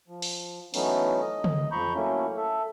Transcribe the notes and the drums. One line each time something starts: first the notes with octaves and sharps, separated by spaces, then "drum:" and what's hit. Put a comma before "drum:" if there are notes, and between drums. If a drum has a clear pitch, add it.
F3
drum: open hi-hat
E3 F#3 A3 B3 C#4 D#4, drum: open hi-hat
D#5
drum: tom
F2 F3 A#5 B5 C#6 G6
F#3 A3 A#3 C#4 E4
A4 E5